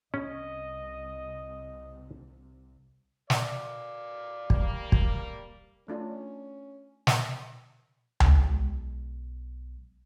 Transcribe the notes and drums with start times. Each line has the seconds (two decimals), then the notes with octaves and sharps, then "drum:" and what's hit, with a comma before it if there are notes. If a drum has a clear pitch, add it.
0.14 C2 C3 C#4 D#5
3.30 D5 F5, drum: snare
4.50 G3 A#3, drum: kick
4.92 drum: kick
5.88 A3 C#4 D4 F4
7.07 drum: snare
8.20 drum: tom C#2
8.44 B1 G#3